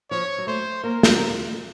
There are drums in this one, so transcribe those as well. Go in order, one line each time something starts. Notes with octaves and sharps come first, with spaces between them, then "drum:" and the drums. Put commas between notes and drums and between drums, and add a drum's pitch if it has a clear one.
F3 C#5
F#3
A3 C5
A#3 A#4
F3, drum: snare